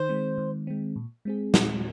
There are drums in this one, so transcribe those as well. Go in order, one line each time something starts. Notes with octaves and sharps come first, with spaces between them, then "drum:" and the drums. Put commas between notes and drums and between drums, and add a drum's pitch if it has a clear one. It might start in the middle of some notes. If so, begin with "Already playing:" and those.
Already playing: D#3 C5
G#3 C4
D#3
G#3 C4
A#2
G#3 C4 G#4
A#2, drum: snare